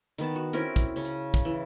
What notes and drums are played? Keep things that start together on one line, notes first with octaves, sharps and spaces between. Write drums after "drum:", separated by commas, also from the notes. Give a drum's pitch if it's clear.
D#3 B3 A5, drum: hi-hat
F#4
C4 C#4 E4 A#4
drum: kick, hi-hat
C#3 C#4
drum: hi-hat
drum: kick, hi-hat
E3